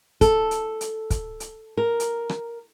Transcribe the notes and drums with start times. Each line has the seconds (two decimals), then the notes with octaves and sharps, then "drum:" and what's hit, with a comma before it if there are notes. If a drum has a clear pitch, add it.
0.21 A4, drum: kick, hi-hat
0.51 drum: hi-hat
0.81 drum: hi-hat
1.10 drum: kick, hi-hat
1.40 drum: hi-hat
1.77 A#4
2.00 drum: hi-hat
2.29 drum: rim click